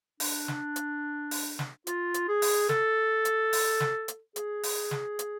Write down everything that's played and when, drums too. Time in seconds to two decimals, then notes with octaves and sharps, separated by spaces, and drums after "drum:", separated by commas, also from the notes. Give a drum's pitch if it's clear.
0.20 D4, drum: open hi-hat
0.48 drum: snare
0.76 drum: hi-hat
1.31 drum: open hi-hat
1.59 drum: snare
1.87 F4, drum: hi-hat
2.14 drum: hi-hat
2.28 G#4
2.42 drum: open hi-hat
2.69 A4, drum: snare
3.25 drum: hi-hat
3.53 drum: open hi-hat
3.80 drum: snare
4.08 drum: hi-hat
4.36 G#4, drum: hi-hat
4.63 drum: open hi-hat
4.91 drum: snare
5.19 drum: hi-hat